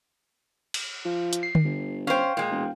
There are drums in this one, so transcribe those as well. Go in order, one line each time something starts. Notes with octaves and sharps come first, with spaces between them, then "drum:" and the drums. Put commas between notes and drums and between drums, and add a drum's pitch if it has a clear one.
drum: cymbal
F3
drum: hi-hat
C7
drum: tom D3
G1
C#4 C5 F5 G5
A#2 G#3
E1